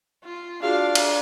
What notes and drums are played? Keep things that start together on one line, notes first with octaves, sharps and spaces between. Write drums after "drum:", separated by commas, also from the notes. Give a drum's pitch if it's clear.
F4
D4 F4 F#4 G#4 F5
drum: cymbal